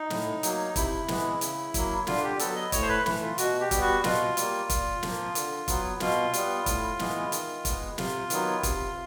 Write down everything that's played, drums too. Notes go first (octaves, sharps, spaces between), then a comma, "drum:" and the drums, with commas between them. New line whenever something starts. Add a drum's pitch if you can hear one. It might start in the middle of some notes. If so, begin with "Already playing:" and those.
Already playing: D#4
A2, drum: snare
F#3 A#3, drum: hi-hat
D#4
C3 E4, drum: kick, hi-hat
E3 G#3 B3, drum: snare
C#3, drum: hi-hat
F#3 A#3, drum: kick, hi-hat
D3 F4, drum: snare
G4
F#3 B3 A4, drum: hi-hat
D#5
A2 C#5, drum: kick, hi-hat
C5
B4
E3 A3, drum: snare
F4
B2 F#4, drum: hi-hat
G4
G3 B3, drum: kick, hi-hat
F#4
B2 F4, drum: snare
G3 A#3, drum: hi-hat
A#2, drum: kick, hi-hat
F3 A#3, drum: snare
D3, drum: hi-hat
F#3 B3, drum: kick, hi-hat
B2 F4, drum: snare
G3 B3, drum: hi-hat
A2, drum: kick, hi-hat
E3 G#3 B3, drum: snare
D#3, drum: hi-hat
G#3 B3, drum: kick, hi-hat
C3 F4, drum: snare
D#3 F#3 B3, drum: hi-hat
C3, drum: kick, hi-hat